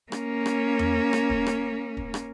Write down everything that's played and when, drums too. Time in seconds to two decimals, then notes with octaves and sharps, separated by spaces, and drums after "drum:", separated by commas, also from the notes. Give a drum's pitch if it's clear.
0.12 A#3 C#4, drum: rim click
0.46 drum: rim click
0.79 drum: tom E2
1.13 drum: rim click
1.30 drum: kick
1.47 drum: rim click
1.97 drum: kick
2.14 drum: rim click